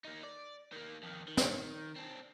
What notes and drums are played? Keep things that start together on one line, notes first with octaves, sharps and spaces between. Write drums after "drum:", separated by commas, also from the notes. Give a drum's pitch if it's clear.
A#3 D#4
D5
D#3 A#3
F2 D#3
D#3
drum: snare
C4 D4